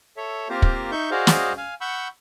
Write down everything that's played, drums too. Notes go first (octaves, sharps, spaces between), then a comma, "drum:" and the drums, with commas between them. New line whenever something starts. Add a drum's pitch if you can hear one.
A4 C#5 E5
A#3 C4 F4 G4 A#4 C5
drum: kick
D#4 E5 C#6 G6
F#4 G#4 C5 D5 D#5 F5
drum: snare
F5 G#5
F#5 B5 C#6 E6 G6